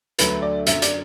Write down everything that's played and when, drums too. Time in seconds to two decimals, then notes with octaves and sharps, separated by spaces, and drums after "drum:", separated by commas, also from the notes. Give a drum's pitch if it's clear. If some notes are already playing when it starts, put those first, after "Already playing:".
0.19 D2 D3 F#3 A3 B4, drum: hi-hat
0.42 D5
0.67 F#2 D3 F#3 E5, drum: hi-hat
0.82 D5, drum: hi-hat